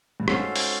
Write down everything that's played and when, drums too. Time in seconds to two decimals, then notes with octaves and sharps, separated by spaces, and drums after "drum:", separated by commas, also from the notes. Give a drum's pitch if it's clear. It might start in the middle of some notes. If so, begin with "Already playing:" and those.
0.20 G2
0.28 G#2 C#4 F#4 A4 C5 F5, drum: rim click
0.56 drum: open hi-hat